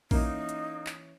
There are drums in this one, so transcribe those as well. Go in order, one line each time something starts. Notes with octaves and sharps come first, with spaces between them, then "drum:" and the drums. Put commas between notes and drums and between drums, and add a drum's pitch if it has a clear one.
E3 A#3 C#4 D#4, drum: kick A#1, open hi-hat
drum: hi-hat
drum: clap